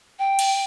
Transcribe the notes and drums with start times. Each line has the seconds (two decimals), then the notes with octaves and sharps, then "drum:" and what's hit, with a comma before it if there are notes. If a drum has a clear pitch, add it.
0.19 G5
0.39 drum: cymbal